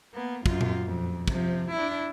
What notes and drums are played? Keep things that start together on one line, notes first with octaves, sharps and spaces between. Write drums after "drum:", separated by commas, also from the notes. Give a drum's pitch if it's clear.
A#3 B3
F#2 F4, drum: kick
drum: tom A#2
F2
C3 F3, drum: kick
D4 E4